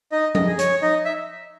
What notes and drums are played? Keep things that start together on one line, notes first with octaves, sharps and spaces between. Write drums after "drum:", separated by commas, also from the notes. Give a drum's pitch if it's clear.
D#4 D#5
D#5, drum: tom F3
G#4
C#5, drum: hi-hat
D#4 D#5
E5